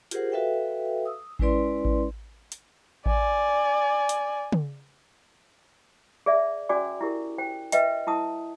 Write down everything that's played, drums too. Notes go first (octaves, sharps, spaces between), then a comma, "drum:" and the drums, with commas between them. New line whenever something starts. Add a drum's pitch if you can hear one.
F4 G4 G#4 A#4 C5 F#5, drum: hi-hat
F#4 A4 B4 E5 F5 G5
D#6 E6
G#3 C#4 E4 B4 D5 C6, drum: kick A1
drum: kick A1
drum: hi-hat
D5 G#5, drum: kick A1
drum: hi-hat
drum: tom
G#4 D5 E5
C#4 F#4 D5 G#5 D6
E4 G4 A#4
C5 G5
B4 D#5 E5 G5, drum: hi-hat
E4 A5 D#6